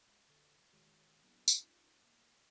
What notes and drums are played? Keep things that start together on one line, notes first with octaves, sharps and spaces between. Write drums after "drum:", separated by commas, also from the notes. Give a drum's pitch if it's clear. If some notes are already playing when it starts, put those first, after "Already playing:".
G#3 C#4
G1 D3 A4 A6
D#3 G#3 F#4 G#4 C#5
F#3 A#3 B3 D4 E4 G#4
drum: tambourine
C#4 D#4 F4
A#3